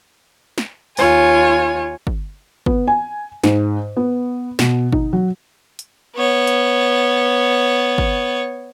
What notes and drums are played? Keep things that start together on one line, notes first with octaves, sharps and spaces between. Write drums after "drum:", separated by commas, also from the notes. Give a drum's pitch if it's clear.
drum: snare
D#2 F4 C#5 G#5, drum: open hi-hat
drum: kick
B3, drum: kick
G#5
G#2, drum: snare
B3
B2, drum: snare
D#4, drum: kick
F#3
drum: hi-hat
B3 C#5
drum: hi-hat
drum: kick